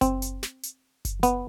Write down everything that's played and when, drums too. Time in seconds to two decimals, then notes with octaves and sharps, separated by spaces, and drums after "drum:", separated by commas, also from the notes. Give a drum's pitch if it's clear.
0.01 C4, drum: kick F#1, hi-hat
0.22 drum: hi-hat
0.43 drum: snare
0.63 drum: hi-hat
1.05 drum: kick F#1, hi-hat
1.23 B3, drum: hi-hat